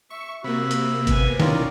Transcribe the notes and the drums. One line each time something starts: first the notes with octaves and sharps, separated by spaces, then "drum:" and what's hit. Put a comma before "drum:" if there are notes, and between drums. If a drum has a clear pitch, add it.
E5 C#6
C3 A#3 F#4 E5 B5
drum: hi-hat
B3 G#5, drum: kick G#1, hi-hat
D#3 E3 C#4 F4 A#4 D5, drum: snare